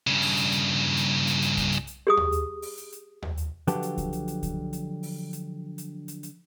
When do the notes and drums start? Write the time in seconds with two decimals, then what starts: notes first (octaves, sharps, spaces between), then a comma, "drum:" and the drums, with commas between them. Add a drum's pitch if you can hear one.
0.07 G2 C#3
0.22 drum: open hi-hat
0.37 drum: hi-hat
0.52 drum: hi-hat
0.97 drum: hi-hat
1.27 drum: hi-hat
1.42 drum: hi-hat
1.57 drum: kick C2, hi-hat
1.72 drum: hi-hat
1.87 drum: hi-hat
2.07 G4 G#4 D#6
2.17 drum: tom D#2
2.32 drum: hi-hat
2.62 drum: open hi-hat
2.77 drum: hi-hat
2.92 drum: hi-hat
3.22 drum: tom D#2
3.37 drum: hi-hat
3.67 D3 F3 F#3 G4 B4 A5, drum: hi-hat
3.83 drum: hi-hat
3.98 drum: kick C2, hi-hat
4.13 drum: hi-hat
4.28 drum: hi-hat
4.43 drum: kick C2, hi-hat
4.73 drum: hi-hat
5.03 drum: open hi-hat
5.33 drum: hi-hat
5.78 drum: hi-hat
6.08 drum: hi-hat
6.23 drum: hi-hat